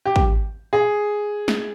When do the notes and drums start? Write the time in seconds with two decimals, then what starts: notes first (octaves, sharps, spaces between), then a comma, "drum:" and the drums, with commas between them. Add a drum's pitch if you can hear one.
0.05 G4
0.16 drum: kick
0.73 G#4
1.48 drum: snare